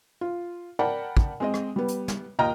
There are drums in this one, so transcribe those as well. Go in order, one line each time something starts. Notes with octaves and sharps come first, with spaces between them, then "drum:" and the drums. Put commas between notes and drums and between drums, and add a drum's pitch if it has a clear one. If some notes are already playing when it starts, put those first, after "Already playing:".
F4
A#4 D5 F#5 G5 A5 B5
drum: kick
G#3 C4 D#5
drum: rim click
G3 B3
drum: hi-hat
drum: snare
D#2 A#2 D#5 G5 A#5 F6